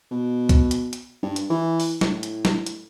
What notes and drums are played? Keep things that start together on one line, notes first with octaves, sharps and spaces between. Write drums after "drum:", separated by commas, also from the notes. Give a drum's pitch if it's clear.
B2
drum: kick, hi-hat
drum: hi-hat
drum: hi-hat
G2
drum: hi-hat
E3
drum: open hi-hat
A2, drum: snare
drum: hi-hat
drum: snare
drum: hi-hat